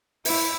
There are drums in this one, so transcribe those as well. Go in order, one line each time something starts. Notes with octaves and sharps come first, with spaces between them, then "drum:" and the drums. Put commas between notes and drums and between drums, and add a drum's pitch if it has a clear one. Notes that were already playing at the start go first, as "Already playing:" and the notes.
E4, drum: open hi-hat